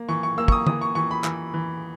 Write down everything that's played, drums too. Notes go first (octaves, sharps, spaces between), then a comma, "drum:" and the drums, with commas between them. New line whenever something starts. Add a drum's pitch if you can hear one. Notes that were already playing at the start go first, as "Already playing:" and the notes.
Already playing: A#3
E3 C#6
C#6
A#3 E6
C#6, drum: kick
D#6
E3 D#6, drum: tom
C#6
E3 C#6
B5
E3, drum: clap
E3